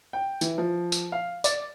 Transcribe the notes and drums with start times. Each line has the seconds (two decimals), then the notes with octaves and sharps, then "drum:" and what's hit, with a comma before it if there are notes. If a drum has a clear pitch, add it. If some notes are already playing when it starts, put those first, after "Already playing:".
0.13 G5
0.41 E3, drum: tambourine
0.58 F3
0.92 drum: tambourine
1.12 F5
1.44 D5, drum: tambourine